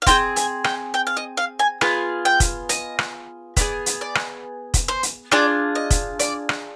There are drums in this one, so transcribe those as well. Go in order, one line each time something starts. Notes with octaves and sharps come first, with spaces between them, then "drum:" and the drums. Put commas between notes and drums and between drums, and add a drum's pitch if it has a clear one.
F5
C4 F4 G#4 G5, drum: kick, hi-hat
G#5, drum: hi-hat
G5, drum: rim click
G5
F5
D#5
F5
G#5
B3 F4 G#4, drum: rim click
G5
drum: kick, hi-hat
D#5, drum: hi-hat
drum: rim click
B3 F4 G#4 D5, drum: kick, hi-hat
drum: hi-hat
D5
drum: rim click
drum: kick, hi-hat
C5
drum: hi-hat
D4 F4 G#4 D5, drum: rim click
D#5
drum: kick, hi-hat
D5, drum: hi-hat
drum: rim click